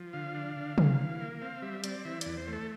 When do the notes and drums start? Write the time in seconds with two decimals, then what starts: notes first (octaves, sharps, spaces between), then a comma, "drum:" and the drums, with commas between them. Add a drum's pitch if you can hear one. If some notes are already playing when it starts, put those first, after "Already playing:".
Already playing: F3
0.13 D3 F5
0.35 D4
0.57 D3
0.78 E3, drum: tom
0.99 E3
1.20 A#3
1.41 C4 F5
1.62 G3 E5
1.84 C4 D5, drum: hi-hat
2.05 E3 E5
2.21 E2 D5, drum: hi-hat
2.37 C5
2.48 A3 A4